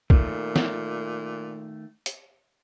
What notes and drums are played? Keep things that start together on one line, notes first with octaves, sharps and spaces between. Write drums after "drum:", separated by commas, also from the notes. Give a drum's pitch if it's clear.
A#2 D#3 A3, drum: kick
drum: snare
drum: hi-hat